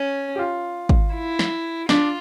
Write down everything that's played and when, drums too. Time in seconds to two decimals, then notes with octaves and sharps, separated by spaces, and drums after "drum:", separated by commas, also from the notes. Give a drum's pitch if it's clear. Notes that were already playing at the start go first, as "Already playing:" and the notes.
Already playing: C#4
0.36 G4
0.39 F4
0.89 drum: kick G#1
1.14 E4
1.39 drum: snare
1.89 D4 F4, drum: snare